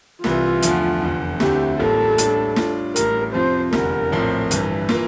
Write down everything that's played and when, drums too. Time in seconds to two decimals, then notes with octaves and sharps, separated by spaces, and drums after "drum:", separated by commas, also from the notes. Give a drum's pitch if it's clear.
0.24 C2 C3 E3 F4, drum: snare
0.62 E2 D3 F3 A3, drum: hi-hat
1.02 F1 E2 D3
1.40 D2 D3 A3 C4 E4 G4, drum: snare
1.79 A1 A2 G3 A#3 F4 A4
2.18 A2 G3 D4, drum: hi-hat
2.56 A2 G3 D4 F4, drum: snare
2.96 A1 A2 G3 A#4, drum: hi-hat
3.34 F2 C3 F3 C4 F4 C5
3.73 F1 E2 D3 G3 A#4, drum: snare
4.11 A#1 A2 F3 C4
4.51 G1 G2 E3, drum: hi-hat
4.89 E3 A#3 F4, drum: snare